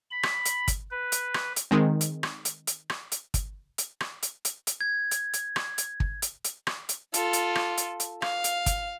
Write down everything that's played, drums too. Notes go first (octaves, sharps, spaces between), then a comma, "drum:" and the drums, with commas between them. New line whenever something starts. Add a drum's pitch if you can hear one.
B5
drum: rim click
drum: hi-hat
drum: kick, hi-hat
B4
drum: hi-hat
drum: rim click
drum: hi-hat
D#3 G#3 C4
drum: hi-hat
drum: rim click
drum: hi-hat
drum: hi-hat
drum: rim click
drum: hi-hat
drum: kick, hi-hat
drum: hi-hat
drum: rim click
drum: hi-hat
drum: hi-hat
drum: hi-hat
G#6
drum: hi-hat
drum: hi-hat
drum: rim click
drum: hi-hat
drum: kick
drum: hi-hat
drum: hi-hat
drum: rim click
drum: hi-hat
F4 A4, drum: hi-hat
drum: hi-hat
drum: rim click
drum: hi-hat
drum: hi-hat
F5, drum: rim click
drum: hi-hat
drum: kick, hi-hat